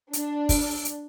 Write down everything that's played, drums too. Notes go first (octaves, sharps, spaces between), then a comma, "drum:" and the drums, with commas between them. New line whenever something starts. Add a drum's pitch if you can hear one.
D4, drum: hi-hat
drum: kick, open hi-hat
drum: hi-hat